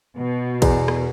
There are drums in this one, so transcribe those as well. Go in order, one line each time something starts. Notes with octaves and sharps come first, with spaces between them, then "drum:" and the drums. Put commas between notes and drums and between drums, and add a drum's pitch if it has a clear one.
B2
E2, drum: kick, cymbal
drum: rim click